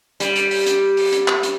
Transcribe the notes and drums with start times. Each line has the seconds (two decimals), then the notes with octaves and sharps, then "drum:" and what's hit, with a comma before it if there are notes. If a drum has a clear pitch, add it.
0.20 G3, drum: hi-hat
0.36 drum: hi-hat
0.51 drum: open hi-hat
0.66 drum: hi-hat
0.97 drum: open hi-hat
1.12 drum: hi-hat
1.28 drum: clap
1.43 drum: hi-hat